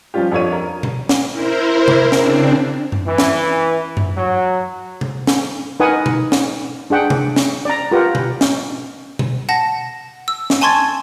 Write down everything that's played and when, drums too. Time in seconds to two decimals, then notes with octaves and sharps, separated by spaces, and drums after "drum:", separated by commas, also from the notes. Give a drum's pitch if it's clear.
0.14 F3 G3 C#4 F4 G4
0.32 F2 D4 C#5 D#7
0.52 A#4
0.83 drum: tom B2
1.09 drum: snare
1.31 E4 A#4 C5
1.88 drum: tom C3
2.12 C#3 C4 D4, drum: snare
2.92 drum: tom F#2
3.07 E3
3.18 drum: snare
3.97 drum: tom F#2
4.15 F#3
5.01 drum: tom C3
5.27 drum: snare
5.80 D#4 A#4 B4 F#5 G#5 D#6
6.06 drum: tom B2
6.32 drum: snare
6.90 D4 G#4 F#5 G5
7.10 drum: tom C3
7.36 drum: snare
7.65 D5 A#5
7.91 F4 G4 A#4 B4 F#5
8.15 drum: tom B2
8.41 drum: snare
9.19 drum: tom B2
9.49 F#5 A5 A#6
10.28 E6
10.50 drum: snare
10.61 G#5 A5 C6 C#6 G#6 A6